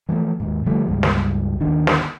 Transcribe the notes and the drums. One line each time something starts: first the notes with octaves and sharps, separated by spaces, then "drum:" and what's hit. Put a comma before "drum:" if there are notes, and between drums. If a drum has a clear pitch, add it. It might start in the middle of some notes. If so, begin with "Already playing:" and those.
E3 F3 G#3 A3
D#2 G#2
D3 F3 G3 A3
C#2 G2 G#3
drum: snare
G#1 D#2 D#3 D4
drum: snare